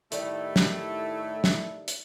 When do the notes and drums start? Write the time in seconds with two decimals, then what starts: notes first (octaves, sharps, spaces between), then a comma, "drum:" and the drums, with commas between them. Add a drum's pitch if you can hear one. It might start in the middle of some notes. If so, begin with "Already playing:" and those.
0.12 A2 D#3 G3 A3 D#4 E4, drum: hi-hat
0.56 drum: snare
1.44 drum: snare
1.88 drum: hi-hat